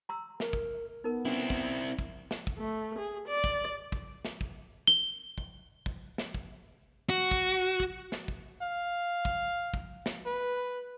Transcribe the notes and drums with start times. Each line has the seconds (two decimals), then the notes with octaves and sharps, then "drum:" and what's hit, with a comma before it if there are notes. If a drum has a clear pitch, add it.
0.09 A#5 C6 E6
0.40 A#4, drum: snare
0.53 drum: kick
1.04 B3 D#4 A#4
1.25 C4 C#4 E4
1.50 drum: kick
1.99 drum: kick
2.31 drum: snare
2.47 drum: kick
2.58 A3
2.98 G#4
3.28 D5
3.44 drum: kick
3.92 drum: kick
4.25 drum: snare
4.41 drum: kick
4.87 G7
5.38 drum: kick
5.86 drum: kick
6.18 drum: snare
6.34 drum: kick
7.09 F#4
7.31 drum: kick
7.80 drum: kick
8.12 drum: snare
8.28 drum: kick
8.62 F5
9.25 drum: kick
9.74 drum: kick
10.06 drum: snare
10.26 B4